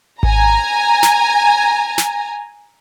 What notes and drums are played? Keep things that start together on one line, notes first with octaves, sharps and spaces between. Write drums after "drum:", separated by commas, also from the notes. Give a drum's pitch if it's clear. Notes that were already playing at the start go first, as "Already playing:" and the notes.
G#5 A#5, drum: kick G#1
drum: snare
drum: snare